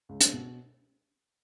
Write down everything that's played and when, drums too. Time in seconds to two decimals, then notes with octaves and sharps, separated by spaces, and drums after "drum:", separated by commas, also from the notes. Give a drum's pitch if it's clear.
0.09 C#2
0.21 drum: hi-hat
0.33 B2